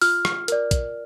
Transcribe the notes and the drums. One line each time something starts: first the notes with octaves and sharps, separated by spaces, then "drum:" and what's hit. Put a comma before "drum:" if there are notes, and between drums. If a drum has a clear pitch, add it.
F4 F6, drum: open hi-hat
drum: rim click
A#4 D5, drum: hi-hat
drum: kick, hi-hat